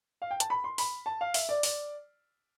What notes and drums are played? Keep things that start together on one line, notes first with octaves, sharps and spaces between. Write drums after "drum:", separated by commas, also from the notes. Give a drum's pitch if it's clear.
F5
G5
A5, drum: hi-hat
B5
C6
B5, drum: open hi-hat
A5
F5
E5, drum: open hi-hat
D5
D5, drum: open hi-hat